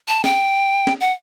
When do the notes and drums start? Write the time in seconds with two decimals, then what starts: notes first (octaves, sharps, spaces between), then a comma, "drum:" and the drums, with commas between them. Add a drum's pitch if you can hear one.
0.08 A5
0.24 G5, drum: snare
0.87 drum: snare
1.01 F#5